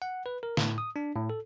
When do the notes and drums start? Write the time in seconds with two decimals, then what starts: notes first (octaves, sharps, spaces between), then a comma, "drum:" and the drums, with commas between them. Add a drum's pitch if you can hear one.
0.02 F#5
0.26 B4
0.43 A#4
0.57 A2, drum: snare
0.78 D#6
0.96 D4
1.15 A2
1.30 A4